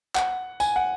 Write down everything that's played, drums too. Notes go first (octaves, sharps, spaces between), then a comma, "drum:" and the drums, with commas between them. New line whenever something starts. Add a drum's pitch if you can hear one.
F#5, drum: clap
G#5, drum: tambourine
F#5